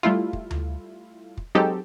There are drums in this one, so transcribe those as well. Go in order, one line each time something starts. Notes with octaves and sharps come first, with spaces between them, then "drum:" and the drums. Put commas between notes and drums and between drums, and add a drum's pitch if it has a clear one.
G3 A3 E4 F4
drum: kick
drum: tom D2
drum: kick
F#3 G#3 C4 D#4 G4 A4